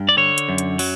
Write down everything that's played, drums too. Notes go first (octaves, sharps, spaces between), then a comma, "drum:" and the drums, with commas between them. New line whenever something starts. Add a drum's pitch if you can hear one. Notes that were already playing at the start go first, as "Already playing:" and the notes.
Already playing: G2
D5
D3 C#5
drum: hi-hat
F#2
drum: hi-hat
F#3, drum: open hi-hat